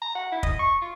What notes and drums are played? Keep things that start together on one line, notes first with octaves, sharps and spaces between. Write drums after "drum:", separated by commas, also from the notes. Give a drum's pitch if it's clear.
A#5
F#5
E4
D#5, drum: kick
C#6
F4